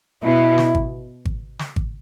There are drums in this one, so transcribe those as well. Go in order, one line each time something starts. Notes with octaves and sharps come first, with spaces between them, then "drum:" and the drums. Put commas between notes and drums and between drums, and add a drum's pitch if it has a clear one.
B2 E4
drum: snare
drum: kick G#1
drum: kick G#1
drum: snare
drum: kick G#1